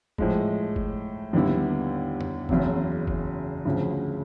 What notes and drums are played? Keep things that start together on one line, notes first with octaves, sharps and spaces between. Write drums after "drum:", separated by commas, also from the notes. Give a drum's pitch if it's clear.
A2 F3 G#3, drum: kick
drum: kick
D#2 D3 G3 B3 E4
drum: tom F2
F#1 E2 C#3 F#3, drum: kick
drum: kick
D2 C#3 F3